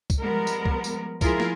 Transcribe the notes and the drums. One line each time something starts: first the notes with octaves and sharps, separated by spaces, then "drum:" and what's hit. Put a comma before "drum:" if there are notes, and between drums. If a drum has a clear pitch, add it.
drum: kick C2, tambourine
F3 G3 G#3 B3 A#4
drum: tambourine
drum: kick C2
drum: tambourine
F3 E4 F4 G#4 A#4, drum: kick C2, tambourine
drum: snare